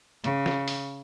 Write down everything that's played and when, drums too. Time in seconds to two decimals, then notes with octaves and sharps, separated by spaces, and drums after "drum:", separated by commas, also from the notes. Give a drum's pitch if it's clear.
0.24 C#3, drum: hi-hat
0.46 drum: snare
0.68 drum: open hi-hat